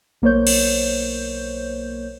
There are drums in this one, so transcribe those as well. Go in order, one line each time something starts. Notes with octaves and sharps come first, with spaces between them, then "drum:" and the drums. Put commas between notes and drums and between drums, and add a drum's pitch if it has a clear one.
B1 A#3 C5 C#5 G6
drum: cymbal